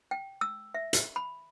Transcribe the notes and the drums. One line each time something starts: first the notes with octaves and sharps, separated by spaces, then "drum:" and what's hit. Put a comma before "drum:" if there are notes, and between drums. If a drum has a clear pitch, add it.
G5
E6
E5
drum: hi-hat
B5